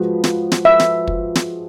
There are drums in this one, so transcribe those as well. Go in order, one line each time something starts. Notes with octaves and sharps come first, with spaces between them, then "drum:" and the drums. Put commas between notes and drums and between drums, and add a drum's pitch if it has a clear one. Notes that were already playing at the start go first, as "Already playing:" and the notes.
Already playing: F3 G#3 F#4 B4
drum: snare
drum: snare
E5
drum: snare
drum: kick
drum: snare